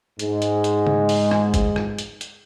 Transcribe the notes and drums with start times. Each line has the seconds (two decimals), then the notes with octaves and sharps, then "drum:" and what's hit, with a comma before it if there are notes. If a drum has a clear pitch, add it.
0.19 G#2 G#3, drum: hi-hat
0.42 drum: hi-hat
0.64 drum: hi-hat
0.87 drum: tom C#3
1.09 drum: open hi-hat
1.31 drum: rim click
1.54 drum: kick, hi-hat
1.76 drum: rim click
1.99 drum: hi-hat
2.21 drum: hi-hat